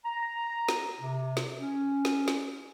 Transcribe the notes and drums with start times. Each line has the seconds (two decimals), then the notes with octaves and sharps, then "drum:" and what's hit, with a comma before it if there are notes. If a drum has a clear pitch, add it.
0.05 A#5
0.69 drum: snare
1.00 C3
1.37 drum: snare
1.59 C#4
2.05 drum: snare
2.28 drum: snare